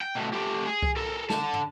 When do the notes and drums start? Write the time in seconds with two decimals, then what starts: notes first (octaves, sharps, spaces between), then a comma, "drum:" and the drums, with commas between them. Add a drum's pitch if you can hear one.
0.01 G5
0.15 B2 A3
0.33 A3 G4
0.66 G#4
0.82 drum: kick C2
0.97 A4 A#4
1.30 D3 A5, drum: snare
1.53 drum: tom